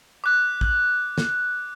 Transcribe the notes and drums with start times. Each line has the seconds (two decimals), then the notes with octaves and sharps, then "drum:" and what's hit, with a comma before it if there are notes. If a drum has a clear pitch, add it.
0.24 D6 F#6
0.61 drum: kick
1.18 drum: snare